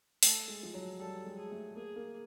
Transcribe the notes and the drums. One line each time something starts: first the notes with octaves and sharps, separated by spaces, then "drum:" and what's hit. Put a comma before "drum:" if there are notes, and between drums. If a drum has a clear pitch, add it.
A3 A4, drum: open hi-hat
G#3
F3
F#3
G3 A4
G#3
G#4
A3
A#3 G#4
A#3